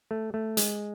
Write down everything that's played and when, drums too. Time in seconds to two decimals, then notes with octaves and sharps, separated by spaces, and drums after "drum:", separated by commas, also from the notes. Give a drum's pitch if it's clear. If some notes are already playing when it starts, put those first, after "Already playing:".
0.11 A3
0.34 A3
0.57 G#3, drum: hi-hat